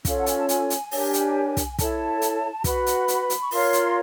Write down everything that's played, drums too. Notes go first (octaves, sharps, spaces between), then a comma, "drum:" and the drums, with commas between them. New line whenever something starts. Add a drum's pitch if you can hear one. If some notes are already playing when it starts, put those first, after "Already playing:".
C#4 F4 A4 C#5 F5, drum: kick, hi-hat
F#5
A5
G#5, drum: hi-hat
A5
G#5, drum: hi-hat
drum: hi-hat
D4 G4 A#4 C#5, drum: open hi-hat
drum: hi-hat
drum: kick, hi-hat
E4 A4 C#5 A5, drum: kick, hi-hat
drum: hi-hat
F#4 B4 B5, drum: kick, hi-hat
drum: hi-hat
drum: hi-hat
drum: hi-hat
C#6
F4 A#4 C#5 C6, drum: open hi-hat
drum: hi-hat